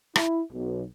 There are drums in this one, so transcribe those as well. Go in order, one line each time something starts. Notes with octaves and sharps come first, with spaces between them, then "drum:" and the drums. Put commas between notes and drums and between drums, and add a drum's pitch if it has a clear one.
E4, drum: rim click
B1